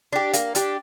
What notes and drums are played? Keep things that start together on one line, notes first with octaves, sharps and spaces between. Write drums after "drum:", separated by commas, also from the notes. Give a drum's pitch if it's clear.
D4 G4
A#3, drum: hi-hat
D4 G4, drum: hi-hat